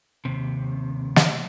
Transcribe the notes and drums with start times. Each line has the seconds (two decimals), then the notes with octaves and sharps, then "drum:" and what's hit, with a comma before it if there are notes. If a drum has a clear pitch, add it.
0.25 D#2 C3
1.16 drum: snare